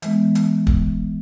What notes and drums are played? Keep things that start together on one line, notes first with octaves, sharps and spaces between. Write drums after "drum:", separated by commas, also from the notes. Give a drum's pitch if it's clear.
E3 G#3 B3, drum: hi-hat
drum: hi-hat
drum: kick